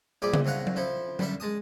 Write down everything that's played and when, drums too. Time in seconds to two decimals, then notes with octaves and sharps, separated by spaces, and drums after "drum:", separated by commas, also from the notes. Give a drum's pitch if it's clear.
0.22 A#1 G3 G#4 D5 D6
0.34 drum: tom C#3
0.45 C2 C#3 F5 F#5 A#5
0.67 drum: tom F#3
0.76 F3 E4 A4
1.19 D3 G3 A4 E5 A5, drum: tom F#3
1.40 G#3 A5 D#6